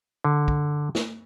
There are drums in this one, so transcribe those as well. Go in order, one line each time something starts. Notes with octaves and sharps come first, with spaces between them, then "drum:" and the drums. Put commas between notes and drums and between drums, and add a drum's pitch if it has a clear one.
D3
drum: kick
drum: snare